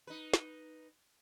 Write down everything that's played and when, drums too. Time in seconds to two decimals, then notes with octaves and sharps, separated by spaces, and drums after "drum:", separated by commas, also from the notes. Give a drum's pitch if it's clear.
0.07 D#4 B4
0.34 drum: snare